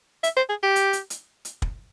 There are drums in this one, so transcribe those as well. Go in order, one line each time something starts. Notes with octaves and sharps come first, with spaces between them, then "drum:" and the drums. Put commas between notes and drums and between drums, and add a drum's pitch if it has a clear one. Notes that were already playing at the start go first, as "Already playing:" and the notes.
E5, drum: hi-hat
C5
G#4
G4
drum: hi-hat
drum: hi-hat
drum: hi-hat
drum: hi-hat
drum: kick